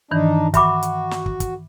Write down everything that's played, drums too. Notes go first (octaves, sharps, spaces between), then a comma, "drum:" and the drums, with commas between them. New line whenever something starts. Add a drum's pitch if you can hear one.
G2 D#3 E3 D4 D#4
F#4 E5 B5 D6, drum: kick, hi-hat
drum: hi-hat
drum: snare
drum: kick
drum: kick, hi-hat